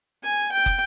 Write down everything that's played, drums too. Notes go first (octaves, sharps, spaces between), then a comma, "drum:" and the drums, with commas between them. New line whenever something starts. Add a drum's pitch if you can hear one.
G#5
G5
drum: kick